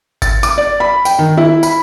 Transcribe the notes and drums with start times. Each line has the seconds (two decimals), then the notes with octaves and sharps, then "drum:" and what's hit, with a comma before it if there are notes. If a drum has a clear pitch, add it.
0.22 A6, drum: kick G1, tambourine
0.43 D6, drum: tambourine
0.58 D5
0.80 B5
1.05 G5, drum: tambourine
1.19 D#3
1.37 E4
1.63 B5, drum: tambourine